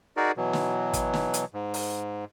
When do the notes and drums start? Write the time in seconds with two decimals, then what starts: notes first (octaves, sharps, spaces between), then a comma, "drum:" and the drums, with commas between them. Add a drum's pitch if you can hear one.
0.17 D#4 F#4 G#4 A#4 D5
0.37 B2 E3 F#3
0.53 drum: snare
0.93 drum: kick, hi-hat
1.14 drum: snare
1.34 drum: hi-hat
1.54 G#2
1.74 drum: open hi-hat